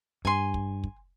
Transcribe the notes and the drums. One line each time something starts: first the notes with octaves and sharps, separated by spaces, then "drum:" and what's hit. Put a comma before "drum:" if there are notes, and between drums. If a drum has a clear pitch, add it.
G2 G#5 C6
drum: kick
drum: kick